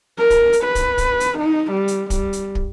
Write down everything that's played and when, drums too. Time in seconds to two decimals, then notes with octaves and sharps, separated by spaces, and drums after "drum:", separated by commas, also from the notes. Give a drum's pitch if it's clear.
0.18 A#4
0.30 drum: kick, hi-hat
0.53 drum: hi-hat
0.64 B4
0.75 drum: kick, hi-hat
0.98 drum: kick, hi-hat
1.20 drum: hi-hat
1.38 D#4
1.72 G3
1.88 drum: hi-hat
2.10 G3, drum: kick, hi-hat
2.33 drum: hi-hat
2.55 drum: kick